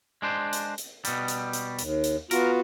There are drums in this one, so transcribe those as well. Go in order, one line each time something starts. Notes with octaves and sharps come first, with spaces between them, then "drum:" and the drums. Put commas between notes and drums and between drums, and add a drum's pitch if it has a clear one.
G#3 D4 C5
drum: hi-hat
drum: hi-hat
B2 G3, drum: hi-hat
drum: hi-hat
drum: hi-hat
D#2, drum: hi-hat
drum: hi-hat
B3 F4 F#4 A#4, drum: hi-hat